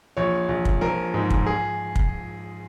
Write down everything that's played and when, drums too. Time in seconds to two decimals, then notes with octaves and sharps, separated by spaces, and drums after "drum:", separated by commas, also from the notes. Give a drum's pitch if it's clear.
0.17 A#1 C#5
0.49 A#1
0.65 drum: kick
0.81 F3 A#4
1.14 G#2
1.30 drum: kick
1.46 G#4
1.96 drum: kick